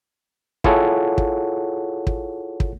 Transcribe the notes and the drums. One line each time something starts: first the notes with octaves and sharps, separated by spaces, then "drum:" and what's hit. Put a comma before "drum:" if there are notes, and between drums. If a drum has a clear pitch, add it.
E4 F4 G#4 A4 C#5 F#5, drum: kick
drum: kick
drum: kick
drum: kick